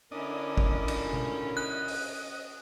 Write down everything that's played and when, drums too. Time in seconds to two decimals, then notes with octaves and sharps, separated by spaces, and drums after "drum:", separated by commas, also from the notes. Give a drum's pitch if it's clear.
0.12 D3 C#4 D4 E4 A#4 D#5
0.57 drum: kick
0.88 drum: cymbal
1.13 drum: tom B2
1.57 D#5 F#6
1.88 drum: open hi-hat